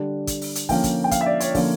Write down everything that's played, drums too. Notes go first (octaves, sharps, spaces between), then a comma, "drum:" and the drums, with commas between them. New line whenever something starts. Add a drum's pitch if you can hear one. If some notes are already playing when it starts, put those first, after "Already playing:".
Already playing: D3 G3 D4
drum: kick, hi-hat
drum: open hi-hat
drum: hi-hat
D3 F3 A#3 C#4 G5, drum: kick, open hi-hat
drum: kick, hi-hat
G5
F5, drum: kick, hi-hat
E5
D5
C#5, drum: hi-hat
D3 F3 A#3 C#4, drum: kick, open hi-hat